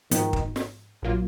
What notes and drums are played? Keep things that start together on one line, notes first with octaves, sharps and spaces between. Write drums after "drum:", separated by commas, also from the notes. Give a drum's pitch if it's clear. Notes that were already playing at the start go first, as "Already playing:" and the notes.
G#2 D#3 F3 B3 F#4, drum: hi-hat
drum: kick
drum: snare
A#1 F#3 A#3 F4